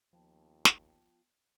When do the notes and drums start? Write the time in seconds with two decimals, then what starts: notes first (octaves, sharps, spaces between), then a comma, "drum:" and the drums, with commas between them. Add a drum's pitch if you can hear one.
0.13 D#2 F3 B3 G5 A5
0.65 drum: snare